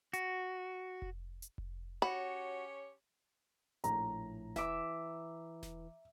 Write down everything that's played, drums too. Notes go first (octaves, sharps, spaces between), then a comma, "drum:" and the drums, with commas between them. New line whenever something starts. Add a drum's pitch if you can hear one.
F#4, drum: hi-hat
drum: kick F1
drum: hi-hat
drum: kick F1
C#4 F#4 G4 C#5 B5
A#1 A2 A#5, drum: hi-hat
E3 E5 D6, drum: snare E1
drum: snare E1